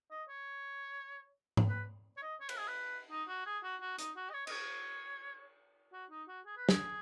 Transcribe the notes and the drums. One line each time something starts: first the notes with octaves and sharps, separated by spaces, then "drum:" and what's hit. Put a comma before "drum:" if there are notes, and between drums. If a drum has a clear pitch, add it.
D#5
C#5
drum: tom G#2
B4
C#5
D#5
C#5
B4, drum: cymbal
G#4
B4
D#4
F#4
G#4
F#4
F#4
D#4, drum: hi-hat
F#4
D#5
C#5
D#5, drum: cymbal
C#5
F#4
D#4
F#4
G#4
B4
G#4, drum: snare